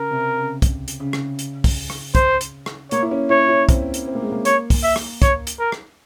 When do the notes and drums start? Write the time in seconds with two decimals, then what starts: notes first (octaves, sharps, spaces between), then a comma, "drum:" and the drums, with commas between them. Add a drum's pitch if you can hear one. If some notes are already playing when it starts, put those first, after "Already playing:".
Already playing: C#3 A#4
0.11 C3
0.37 C#3
0.62 drum: kick, hi-hat
0.88 drum: hi-hat
1.00 C#3
1.13 drum: rim click
1.39 drum: hi-hat
1.64 drum: kick, open hi-hat
1.90 drum: rim click
2.15 C5, drum: kick, hi-hat
2.41 drum: hi-hat
2.66 drum: rim click
2.91 A#3 C#5, drum: hi-hat
3.03 E4
3.11 C#4
3.29 E4 C#5
3.49 E4
3.69 C4, drum: kick, hi-hat
3.94 drum: hi-hat
4.07 C4
4.15 A#3
4.23 G#3
4.32 A#3
4.45 C#5, drum: hi-hat
4.70 drum: kick, open hi-hat
4.83 E5
4.96 drum: rim click
5.22 C#5, drum: kick, hi-hat
5.47 drum: hi-hat
5.59 A#4
5.72 drum: rim click